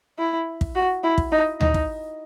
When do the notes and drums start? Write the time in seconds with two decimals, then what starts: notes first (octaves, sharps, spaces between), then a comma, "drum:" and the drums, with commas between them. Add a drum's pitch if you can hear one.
0.18 E4
0.61 drum: kick
0.75 F#4
1.03 E4
1.18 drum: kick
1.32 D#4
1.61 D#4, drum: tom D2
1.74 drum: kick